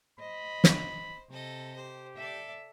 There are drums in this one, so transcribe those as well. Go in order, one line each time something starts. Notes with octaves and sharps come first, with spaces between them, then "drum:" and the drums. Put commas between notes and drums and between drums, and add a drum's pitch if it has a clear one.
C5 D#5 B5
drum: snare
C3 A4 D#5
G4 C5
A4 D5 E5